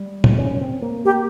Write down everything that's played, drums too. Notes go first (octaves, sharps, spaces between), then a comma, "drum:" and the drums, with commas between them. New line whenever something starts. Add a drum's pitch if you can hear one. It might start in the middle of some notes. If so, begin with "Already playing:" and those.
Already playing: G3
drum: tom
C#4
C4
A#3
A#3 G4